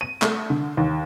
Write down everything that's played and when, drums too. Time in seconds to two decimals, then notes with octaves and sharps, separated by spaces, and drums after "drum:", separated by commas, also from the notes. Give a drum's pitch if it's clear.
0.01 D#7
0.22 A3, drum: clap
0.50 D3
0.77 D#2